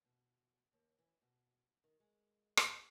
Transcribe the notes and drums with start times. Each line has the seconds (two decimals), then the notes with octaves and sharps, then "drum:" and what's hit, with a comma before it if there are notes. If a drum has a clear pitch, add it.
0.05 B2
0.73 D#2
0.99 E3
1.22 B2
1.84 D#3
2.00 G#3
2.57 drum: rim click